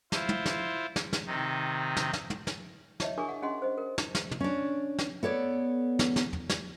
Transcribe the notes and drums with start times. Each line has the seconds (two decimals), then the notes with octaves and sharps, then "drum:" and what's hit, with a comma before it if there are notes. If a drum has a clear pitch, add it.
0.12 E4 F4 C5, drum: snare
0.29 drum: tom
0.46 drum: snare
0.96 drum: snare
1.13 drum: snare
1.26 C3 D#3 D#4
1.97 drum: snare
2.13 drum: snare
2.30 drum: tom
2.47 drum: snare
3.00 E4 C#5 D#5 E5, drum: snare
3.17 D4 G#4 A#4 G#5 C#6 D6
3.29 F#5
3.42 C#4 G#4 D#5 F#5 C6
3.62 C5 D#5
3.78 A#4
3.98 drum: snare
4.15 drum: snare
4.31 drum: tom
4.40 C#4 D4
4.99 drum: snare
5.23 B3 A4 C#5 D5
5.99 drum: snare
6.16 drum: snare
6.33 drum: tom
6.50 drum: snare